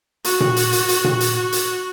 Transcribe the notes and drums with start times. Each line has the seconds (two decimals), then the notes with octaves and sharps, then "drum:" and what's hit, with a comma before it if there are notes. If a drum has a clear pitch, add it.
0.24 F#4, drum: hi-hat
0.40 drum: tom A#2
0.56 drum: hi-hat
0.72 drum: hi-hat
0.88 drum: hi-hat
1.04 drum: tom A#2
1.20 drum: hi-hat
1.35 F#4
1.52 drum: hi-hat